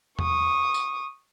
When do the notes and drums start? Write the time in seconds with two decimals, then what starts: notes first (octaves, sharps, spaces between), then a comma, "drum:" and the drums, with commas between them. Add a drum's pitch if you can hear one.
0.19 C#6 D#6, drum: tom E2
0.74 drum: tambourine